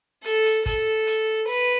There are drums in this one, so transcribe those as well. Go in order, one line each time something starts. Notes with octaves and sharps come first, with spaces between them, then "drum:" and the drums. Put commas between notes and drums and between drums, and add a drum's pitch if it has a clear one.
A4, drum: hi-hat
drum: hi-hat
A4, drum: kick, hi-hat
drum: hi-hat
B4